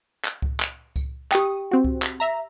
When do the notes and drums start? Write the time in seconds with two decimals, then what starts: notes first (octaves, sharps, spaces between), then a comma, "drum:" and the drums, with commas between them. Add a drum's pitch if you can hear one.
0.25 drum: clap
0.42 drum: kick C#2
0.60 drum: clap
0.96 drum: kick C#2, tambourine
1.32 G4 G5 D#6, drum: clap
1.71 C4 F#4
1.84 drum: kick C#2
2.02 drum: clap
2.20 E5 A#5